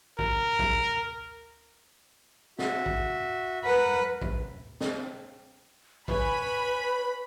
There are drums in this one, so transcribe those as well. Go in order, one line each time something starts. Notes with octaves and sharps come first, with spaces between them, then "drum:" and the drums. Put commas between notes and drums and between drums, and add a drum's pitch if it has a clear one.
A#4, drum: kick A1
drum: kick A1
F#4 E5, drum: snare
drum: kick A1
A#4 B4 F#5
drum: kick A1
drum: snare
B4 C#5 G#5 B5, drum: kick A1